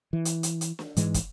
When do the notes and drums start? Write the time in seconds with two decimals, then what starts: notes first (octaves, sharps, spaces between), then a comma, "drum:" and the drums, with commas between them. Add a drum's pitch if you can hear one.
0.13 E3
0.25 drum: hi-hat
0.43 drum: hi-hat
0.61 drum: hi-hat
0.79 drum: snare
0.97 G#2 E3 G#3, drum: hi-hat
1.14 drum: kick, hi-hat